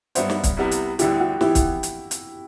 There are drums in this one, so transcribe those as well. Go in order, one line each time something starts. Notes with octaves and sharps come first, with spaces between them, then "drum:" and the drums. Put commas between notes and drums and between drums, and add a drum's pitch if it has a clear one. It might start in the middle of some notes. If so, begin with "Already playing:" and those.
G2 F#3 B3 D4 C5 E5, drum: hi-hat
drum: snare
drum: kick, hi-hat
C2 C3 G3 B3 E4
drum: hi-hat
D2 D3 G3 B3 E4 G4, drum: hi-hat
F#4
E3 B3 E4 G4, drum: snare
drum: kick, hi-hat
drum: hi-hat
drum: hi-hat